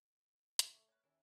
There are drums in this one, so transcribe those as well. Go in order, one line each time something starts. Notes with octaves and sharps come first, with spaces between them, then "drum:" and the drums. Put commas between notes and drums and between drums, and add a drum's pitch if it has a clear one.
B2 D3 E4 C#5, drum: hi-hat
A3 A4 C#6
A#3 B4 C#5
D#2 C#4 E4